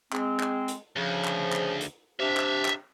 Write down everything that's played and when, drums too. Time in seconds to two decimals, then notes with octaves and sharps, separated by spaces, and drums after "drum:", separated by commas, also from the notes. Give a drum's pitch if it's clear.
0.13 G#3 C4, drum: clap
0.40 drum: clap
0.68 drum: hi-hat
0.96 D2 C#3 F3
1.24 drum: clap
1.53 drum: clap
1.81 drum: hi-hat
2.20 C3 D4 G4 E5 F5
2.37 drum: clap
2.65 drum: clap